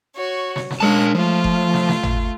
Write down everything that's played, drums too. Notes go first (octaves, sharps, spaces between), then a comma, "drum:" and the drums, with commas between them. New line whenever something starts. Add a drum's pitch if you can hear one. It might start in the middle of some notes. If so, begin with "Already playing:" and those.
F#4 C#5
drum: snare
drum: snare
G#3 C#4 D4 A#4 A5 F#6
F3 A3 F4
drum: kick F#1
drum: snare
drum: snare
drum: tom G#1